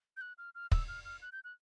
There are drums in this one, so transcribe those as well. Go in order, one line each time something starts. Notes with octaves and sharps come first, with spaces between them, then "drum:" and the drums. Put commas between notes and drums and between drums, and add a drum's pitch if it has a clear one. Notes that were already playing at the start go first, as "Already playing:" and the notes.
G6
F#6
F6
F6
E6, drum: kick
F6
F6
F#6
G6
F#6